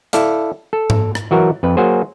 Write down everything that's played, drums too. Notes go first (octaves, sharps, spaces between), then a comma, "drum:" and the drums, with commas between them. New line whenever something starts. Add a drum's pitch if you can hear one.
E4 A4 D5 F5, drum: hi-hat
A4
drum: tom G#2
drum: rim click
E3 F#3 F#4 A#4
F2 B4
F#3 A#3 F#4 G#4 C5